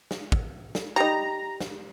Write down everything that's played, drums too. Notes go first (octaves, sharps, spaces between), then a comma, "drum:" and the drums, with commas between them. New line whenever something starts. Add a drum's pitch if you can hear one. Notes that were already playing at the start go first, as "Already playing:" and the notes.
drum: snare
drum: kick
drum: snare
G3 D#4 A#5
drum: snare